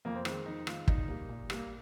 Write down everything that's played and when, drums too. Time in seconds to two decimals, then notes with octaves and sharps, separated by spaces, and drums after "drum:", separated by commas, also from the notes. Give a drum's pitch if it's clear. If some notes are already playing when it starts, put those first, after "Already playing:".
0.05 F2 A#3
0.15 C4
0.25 D#3 G#3 C4, drum: rim click
0.46 F2 D#4
0.67 D#3 G#3 F4, drum: rim click
0.88 A#2 D#4, drum: kick
1.08 G3 A#3
1.29 A#2
1.50 G3 A#3, drum: rim click